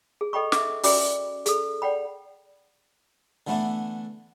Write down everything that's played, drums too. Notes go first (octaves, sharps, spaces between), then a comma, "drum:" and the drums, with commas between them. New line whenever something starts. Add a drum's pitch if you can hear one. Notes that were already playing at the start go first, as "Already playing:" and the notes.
G#4
A4 D#5 G5 B5 C#6
E5 D6, drum: snare
C#4 F#4 D5 E5 B5 D6, drum: open hi-hat
G#4 A4, drum: hi-hat
D5 F#5 G5 B5
D3 E3 A3 B3 D4 E4